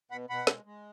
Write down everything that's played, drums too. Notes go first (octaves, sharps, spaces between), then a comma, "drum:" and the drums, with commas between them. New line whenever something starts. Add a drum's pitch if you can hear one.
B2 F#5 B5
B2 F#5 B5
G#3, drum: snare
G#3